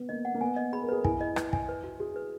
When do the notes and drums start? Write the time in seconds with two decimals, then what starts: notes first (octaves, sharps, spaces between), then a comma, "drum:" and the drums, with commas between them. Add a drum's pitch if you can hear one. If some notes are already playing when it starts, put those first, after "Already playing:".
Already playing: B3
0.09 A#3 D#5
0.25 F#5
0.34 A#3
0.41 B3 G#5
0.56 D#5
0.72 G#4 B5
0.82 A#4
0.89 G#4 B4
1.04 E4 G#5, drum: kick
1.21 D#5
1.36 B4, drum: rim click
1.53 G#5, drum: kick
1.69 B4
1.84 F#4
2.00 F#4 G#4
2.16 B4